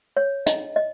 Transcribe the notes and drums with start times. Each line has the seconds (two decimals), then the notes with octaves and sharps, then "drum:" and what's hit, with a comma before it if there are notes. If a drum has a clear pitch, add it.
0.17 C#5
0.46 D#5, drum: hi-hat
0.76 D#5